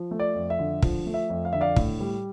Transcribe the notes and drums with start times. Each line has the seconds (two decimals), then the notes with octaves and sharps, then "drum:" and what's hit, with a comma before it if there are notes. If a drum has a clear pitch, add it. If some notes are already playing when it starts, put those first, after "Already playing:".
Already playing: F3
0.11 A3
0.20 D5
0.35 F2
0.50 E5
0.59 D3
0.82 F3, drum: kick
1.06 A3
1.14 E5
1.30 F2
1.45 F5
1.53 D3 E5
1.61 D5 F5
1.76 A2, drum: kick
2.00 G3